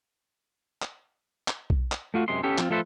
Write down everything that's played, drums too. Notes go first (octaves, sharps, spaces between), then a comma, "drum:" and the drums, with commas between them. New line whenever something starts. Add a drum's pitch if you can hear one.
drum: clap
drum: clap
drum: kick B1
drum: clap
A3 F4 F#4
F#2 C3 G#3 C6
B3 C#4 G4 A4
F3 C4 F4, drum: clap
F3 A3 F4 A4 B4 C5